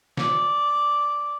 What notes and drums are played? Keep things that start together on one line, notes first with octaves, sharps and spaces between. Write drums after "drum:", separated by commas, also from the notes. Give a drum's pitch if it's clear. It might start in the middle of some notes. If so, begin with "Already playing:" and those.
D5, drum: snare